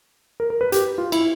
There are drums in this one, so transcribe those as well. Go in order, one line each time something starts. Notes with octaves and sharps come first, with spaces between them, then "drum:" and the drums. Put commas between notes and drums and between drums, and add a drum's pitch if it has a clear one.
A#4
A#4
B4
G4, drum: hi-hat
F4
E4, drum: cymbal